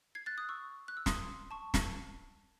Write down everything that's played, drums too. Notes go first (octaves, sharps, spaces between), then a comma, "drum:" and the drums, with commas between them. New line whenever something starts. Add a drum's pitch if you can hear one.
G#6 C7
F#6 A6
D#6 F#6
C#6 E6
F#6
E6
C6 D#6, drum: snare
A5 C#6
drum: snare